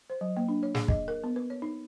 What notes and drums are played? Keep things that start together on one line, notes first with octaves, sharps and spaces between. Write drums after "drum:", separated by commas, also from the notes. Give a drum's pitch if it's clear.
C5
F#3
A#3
D4
C#5
G#4, drum: snare
D#5, drum: kick
A#4
B3
B4
C#5
D#4